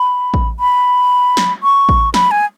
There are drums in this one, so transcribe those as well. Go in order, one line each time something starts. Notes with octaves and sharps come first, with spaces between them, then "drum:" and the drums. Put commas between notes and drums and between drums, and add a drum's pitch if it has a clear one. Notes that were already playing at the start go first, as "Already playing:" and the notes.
Already playing: B5
drum: kick A1
B5
drum: snare
C#6
drum: kick A1
B5, drum: snare
G#5